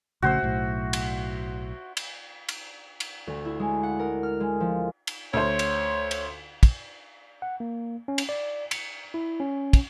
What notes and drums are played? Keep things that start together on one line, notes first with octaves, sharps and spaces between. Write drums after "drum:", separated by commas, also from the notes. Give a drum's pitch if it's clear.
A#1 C#3 A3 F#4 C5 E5
B1 A2
drum: cymbal
drum: cymbal
drum: cymbal
drum: cymbal
D2
E4
G#3
F#5
A#4
F6
G#3
F3
drum: cymbal
D2 C5 C#5
drum: cymbal
drum: cymbal
drum: kick, cymbal
F#5
A#3
C#4
drum: cymbal
D5
C#7, drum: cymbal
E4
C#4
drum: kick, cymbal